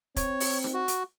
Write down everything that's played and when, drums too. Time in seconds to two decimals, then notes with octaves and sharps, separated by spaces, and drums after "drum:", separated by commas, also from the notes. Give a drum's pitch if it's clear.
0.16 C4 C#5, drum: kick, hi-hat
0.40 drum: open hi-hat
0.64 drum: snare D#4
0.74 F#4
0.88 drum: hi-hat